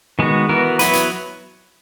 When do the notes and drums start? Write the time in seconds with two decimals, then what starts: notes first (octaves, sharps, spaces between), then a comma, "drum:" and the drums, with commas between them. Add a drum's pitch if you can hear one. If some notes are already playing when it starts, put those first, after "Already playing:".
0.19 D#3 G#3 B3 F#4
0.49 E3 B3 F#4 A#4
0.79 F#3 B3 E4 B4, drum: hi-hat
0.93 drum: hi-hat